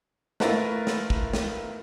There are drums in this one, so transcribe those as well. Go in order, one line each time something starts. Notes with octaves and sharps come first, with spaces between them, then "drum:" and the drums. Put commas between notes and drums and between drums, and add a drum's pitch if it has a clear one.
A3 E4 F4 A#4 B4, drum: snare
drum: snare
drum: kick
drum: snare